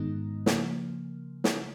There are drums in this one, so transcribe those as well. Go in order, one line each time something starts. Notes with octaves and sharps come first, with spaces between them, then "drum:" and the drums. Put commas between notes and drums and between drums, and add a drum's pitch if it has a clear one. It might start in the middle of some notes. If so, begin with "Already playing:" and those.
Already playing: G#2 D#3 G#3 B3 D#4
C#3 F3 A#3, drum: snare
drum: snare